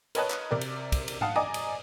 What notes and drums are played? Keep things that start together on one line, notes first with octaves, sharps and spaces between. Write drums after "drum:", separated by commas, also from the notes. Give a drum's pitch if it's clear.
A#4 B4 C#5 D#5 A5 F#6, drum: cymbal
drum: clap
C3 A#4 D5
drum: cymbal
drum: kick, cymbal
drum: cymbal
F5 F#5 A5 D#6, drum: tom G#2
D5 D#5 G#5 A#5 D6 D#6
drum: cymbal